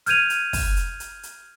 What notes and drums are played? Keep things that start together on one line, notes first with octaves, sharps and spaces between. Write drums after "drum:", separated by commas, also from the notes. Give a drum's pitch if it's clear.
F6 G6 G#6 D#7 F7, drum: hi-hat
drum: hi-hat
drum: kick, open hi-hat
drum: hi-hat
drum: hi-hat
drum: hi-hat